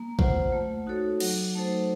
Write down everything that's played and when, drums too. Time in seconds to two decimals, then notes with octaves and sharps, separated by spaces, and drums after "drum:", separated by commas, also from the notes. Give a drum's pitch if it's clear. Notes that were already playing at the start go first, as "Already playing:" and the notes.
Already playing: A#3
0.19 F4 C5 F#5, drum: kick A#1
0.52 A3
0.87 D#4 F#4 A4 C#5
1.20 F#3, drum: cymbal
1.55 A3 D#4 A4 C5